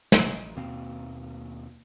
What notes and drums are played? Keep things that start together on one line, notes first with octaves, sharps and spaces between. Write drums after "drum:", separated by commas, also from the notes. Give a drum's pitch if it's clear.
A1, drum: snare
D#2 B2 A#3 C4